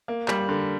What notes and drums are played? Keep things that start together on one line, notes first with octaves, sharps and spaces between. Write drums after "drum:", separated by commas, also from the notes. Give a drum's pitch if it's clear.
A#3
G3, drum: clap
D3